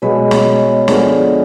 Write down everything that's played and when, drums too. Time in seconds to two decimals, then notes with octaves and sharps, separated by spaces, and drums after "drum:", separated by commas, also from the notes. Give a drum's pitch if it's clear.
0.02 B2 G#3 B3 B4 C#5
0.31 drum: snare
0.88 D3 F3 G#3 B3 A#4 C5, drum: snare